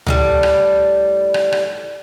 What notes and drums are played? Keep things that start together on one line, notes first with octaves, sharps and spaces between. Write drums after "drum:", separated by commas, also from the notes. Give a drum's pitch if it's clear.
A2 D3 G3, drum: tom C#2
drum: rim click
drum: rim click
drum: rim click